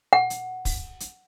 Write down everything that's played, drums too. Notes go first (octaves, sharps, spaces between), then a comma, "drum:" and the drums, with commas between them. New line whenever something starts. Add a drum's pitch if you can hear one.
F#5
drum: hi-hat
drum: kick, open hi-hat
drum: hi-hat